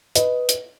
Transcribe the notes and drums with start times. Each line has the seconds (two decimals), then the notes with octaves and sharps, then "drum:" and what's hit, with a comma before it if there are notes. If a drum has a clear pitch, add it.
0.15 B4 D#5, drum: hi-hat
0.49 drum: hi-hat